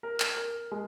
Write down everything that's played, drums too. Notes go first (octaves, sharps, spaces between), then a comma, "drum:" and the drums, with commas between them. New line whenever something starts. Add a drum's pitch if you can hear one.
A#4
drum: clap
A#4
G#3